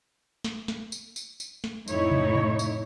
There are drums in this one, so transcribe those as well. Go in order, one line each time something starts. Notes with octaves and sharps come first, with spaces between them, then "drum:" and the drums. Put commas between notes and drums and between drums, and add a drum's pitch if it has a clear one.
drum: snare
drum: snare
drum: tambourine
drum: tambourine
drum: tambourine
drum: snare
F2 A2 D#4 E4 C#5, drum: tambourine
drum: tom C3
drum: tom B2
drum: tambourine